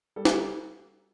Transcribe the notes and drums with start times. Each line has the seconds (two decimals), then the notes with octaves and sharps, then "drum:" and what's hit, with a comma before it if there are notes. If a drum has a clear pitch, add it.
0.16 G3 A4
0.25 G4, drum: snare
0.33 F#4 A4